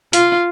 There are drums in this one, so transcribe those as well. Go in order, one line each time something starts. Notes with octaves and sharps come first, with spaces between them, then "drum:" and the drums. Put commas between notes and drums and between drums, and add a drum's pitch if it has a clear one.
F4, drum: hi-hat